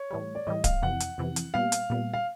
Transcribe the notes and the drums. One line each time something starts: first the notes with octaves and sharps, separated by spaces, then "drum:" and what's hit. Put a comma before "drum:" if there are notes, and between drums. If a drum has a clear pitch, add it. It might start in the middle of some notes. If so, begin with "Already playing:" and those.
Already playing: C#5
A2 E3 G3
D5
A2 E3 G3 D#5
F5, drum: kick D1, hi-hat
F2 C3 E3 F#5
drum: hi-hat
F2 C3 E3
drum: hi-hat
A#2 G3 B3 F5
drum: hi-hat
A#2 G3 B3
F5